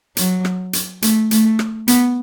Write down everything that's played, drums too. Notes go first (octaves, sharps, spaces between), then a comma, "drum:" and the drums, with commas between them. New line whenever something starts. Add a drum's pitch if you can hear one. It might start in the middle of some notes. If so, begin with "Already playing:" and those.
F#3, drum: hi-hat
drum: rim click
drum: hi-hat
A3, drum: hi-hat
A3, drum: hi-hat
drum: rim click
B3, drum: hi-hat